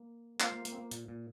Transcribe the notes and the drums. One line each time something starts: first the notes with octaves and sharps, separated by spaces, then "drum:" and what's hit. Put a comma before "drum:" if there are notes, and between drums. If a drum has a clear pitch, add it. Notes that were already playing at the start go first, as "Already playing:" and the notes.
Already playing: A#3
A#3 F4 C5 F5, drum: clap
A#3
A#3, drum: hi-hat
C4
A#3
A#2, drum: hi-hat
A#2